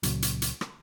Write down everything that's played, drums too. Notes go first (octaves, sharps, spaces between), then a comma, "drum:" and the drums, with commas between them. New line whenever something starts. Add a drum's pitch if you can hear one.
C#2 A#2 C#3 F#3, drum: hi-hat
drum: hi-hat
drum: hi-hat
drum: rim click